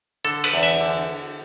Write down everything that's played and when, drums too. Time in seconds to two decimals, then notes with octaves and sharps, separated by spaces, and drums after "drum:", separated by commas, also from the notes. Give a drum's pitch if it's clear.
0.25 D3 A4
0.44 B4, drum: cymbal
0.54 E2
0.63 E5
0.81 D3